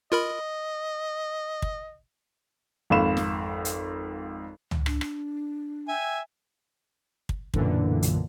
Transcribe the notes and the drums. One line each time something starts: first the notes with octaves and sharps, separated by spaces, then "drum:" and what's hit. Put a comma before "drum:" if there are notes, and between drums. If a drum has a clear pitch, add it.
F4 A#4 D#5 B5
drum: kick
G#1 F2 F5 B5 E7
drum: snare
drum: hi-hat
drum: tom C#2
D4, drum: rim click
drum: rim click
E5 G5 G#5
drum: kick
B1 F#2 A#2 D3 E3, drum: kick
drum: hi-hat